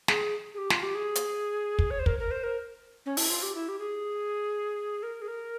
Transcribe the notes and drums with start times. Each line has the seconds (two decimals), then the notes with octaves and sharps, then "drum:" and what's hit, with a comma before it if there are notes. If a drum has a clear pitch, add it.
0.08 G#4, drum: snare
0.54 G#4
0.58 G4
0.70 F4, drum: snare
0.83 G4
0.95 G#4
1.15 drum: hi-hat
1.79 drum: kick
1.90 C#5
1.99 C5
2.06 A#4, drum: kick
2.19 A#4
2.31 C5
2.43 A#4
3.06 C#4
3.17 E4, drum: open hi-hat
3.30 F4
3.42 G4
3.55 E4
3.68 G4
3.79 G#4
5.03 A#4
5.22 G#4
5.28 A#4